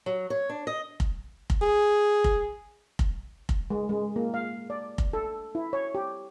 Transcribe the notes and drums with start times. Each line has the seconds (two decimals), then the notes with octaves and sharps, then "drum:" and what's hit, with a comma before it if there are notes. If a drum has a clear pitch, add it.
0.06 F#3
0.30 C#5
0.50 D4
0.67 D#5
1.00 drum: kick F1
1.50 drum: kick F1
1.62 G#4
2.24 drum: kick F1
2.99 drum: kick F1
3.49 drum: kick F1
3.70 G#3
3.89 G#3
4.16 A#3
4.34 F5
4.70 D5
4.98 drum: kick F1
5.13 A4
5.55 E4
5.73 C#5
5.95 G4